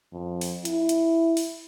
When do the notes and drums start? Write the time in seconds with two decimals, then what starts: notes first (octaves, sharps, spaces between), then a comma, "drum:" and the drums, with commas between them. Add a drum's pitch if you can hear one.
0.13 F2
0.41 drum: open hi-hat
0.65 E4, drum: hi-hat
0.89 drum: hi-hat
1.37 drum: open hi-hat